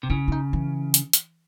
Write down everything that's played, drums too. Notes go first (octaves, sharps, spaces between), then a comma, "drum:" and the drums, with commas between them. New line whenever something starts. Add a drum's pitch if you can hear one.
C3
C#3 E4
E4
D#4
E3
drum: hi-hat
drum: hi-hat